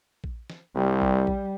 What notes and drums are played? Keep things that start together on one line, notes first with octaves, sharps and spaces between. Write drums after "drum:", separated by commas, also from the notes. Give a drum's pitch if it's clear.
drum: kick A#1
drum: snare
C2 G3
drum: kick A#1
drum: kick A#1